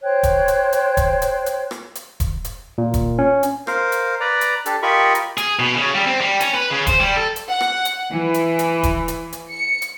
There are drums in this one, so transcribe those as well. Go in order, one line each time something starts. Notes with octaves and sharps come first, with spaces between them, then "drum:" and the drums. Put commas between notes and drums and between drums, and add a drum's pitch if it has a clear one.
C5 C#5 G5 F#6
drum: kick E1, hi-hat
drum: hi-hat
drum: hi-hat
drum: kick E1, hi-hat
drum: hi-hat
drum: hi-hat
drum: rim click
drum: hi-hat
drum: kick E1, hi-hat
drum: hi-hat
A#2
drum: kick E1, hi-hat
C#4
drum: hi-hat
A#4 C5 F5, drum: rim click
drum: hi-hat
B4 D5 A#5
drum: hi-hat
D4 G4 A4, drum: hi-hat
F4 G4 A#4 D#5 B5 C#6
drum: hi-hat
G#4, drum: hi-hat
B2
C#3
G3
C4
G3
C#4, drum: hi-hat
B4
C#3
C5, drum: kick E1, hi-hat
G3
A4
drum: hi-hat
F#5
drum: rim click
drum: hi-hat
E3
drum: hi-hat
drum: hi-hat
drum: kick E1, hi-hat
drum: hi-hat
drum: hi-hat
C#7
drum: hi-hat